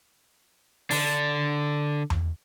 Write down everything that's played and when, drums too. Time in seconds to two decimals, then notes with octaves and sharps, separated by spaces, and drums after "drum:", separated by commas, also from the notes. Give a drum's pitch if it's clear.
0.91 D3 D4, drum: open hi-hat
2.10 drum: tom E2